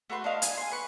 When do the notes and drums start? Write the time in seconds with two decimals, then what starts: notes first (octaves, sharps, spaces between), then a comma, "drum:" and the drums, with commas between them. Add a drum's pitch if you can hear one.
0.10 A3 F#4 B4 C6
0.24 D4 D#4 F5
0.42 G#5, drum: hi-hat
0.57 G#5 C6
0.71 B4 C#6